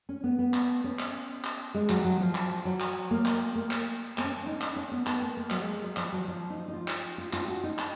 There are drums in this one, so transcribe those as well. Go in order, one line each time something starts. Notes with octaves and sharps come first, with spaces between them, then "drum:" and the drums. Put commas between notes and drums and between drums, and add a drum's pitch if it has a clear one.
C#4
B3
B3
drum: clap
C#4
drum: clap
drum: clap
G#3
F#3, drum: clap
F#3
F3
drum: clap
F#3
drum: clap
A#3
drum: clap
A#3
drum: clap
B3, drum: clap
C#4
D#4
drum: clap
C#4
B3
B3, drum: clap
A#3
A#3
F#3, drum: clap
G#3
F#3
F3, drum: clap
F#3
F3
D#4
D#4
F4
drum: clap
F4
F4, drum: clap
F#4
D#4
drum: clap